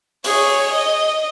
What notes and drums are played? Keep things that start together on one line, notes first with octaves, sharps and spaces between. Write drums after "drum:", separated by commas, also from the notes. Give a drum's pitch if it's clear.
G#4 C#5, drum: open hi-hat
D#5